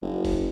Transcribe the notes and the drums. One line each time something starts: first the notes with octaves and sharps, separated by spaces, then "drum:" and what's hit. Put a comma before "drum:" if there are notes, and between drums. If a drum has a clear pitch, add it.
F#1
drum: kick, open hi-hat